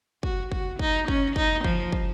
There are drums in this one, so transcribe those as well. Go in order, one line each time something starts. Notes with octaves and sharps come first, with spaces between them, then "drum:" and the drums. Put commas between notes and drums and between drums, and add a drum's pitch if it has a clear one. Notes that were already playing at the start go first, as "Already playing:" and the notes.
F#4, drum: kick
F#4, drum: kick
D#4, drum: kick
C#4, drum: kick
D#4, drum: kick
F3, drum: kick
drum: kick